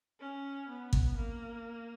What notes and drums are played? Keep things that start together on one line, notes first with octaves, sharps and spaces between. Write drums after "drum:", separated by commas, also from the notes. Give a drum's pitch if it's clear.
C#4
B3
drum: kick
A#3